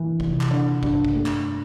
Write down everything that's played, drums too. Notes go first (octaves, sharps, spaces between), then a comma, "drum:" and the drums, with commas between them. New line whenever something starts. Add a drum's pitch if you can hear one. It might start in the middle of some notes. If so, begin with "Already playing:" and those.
Already playing: E3
F1, drum: kick
drum: clap
D3
G2, drum: kick
drum: kick
A3
drum: clap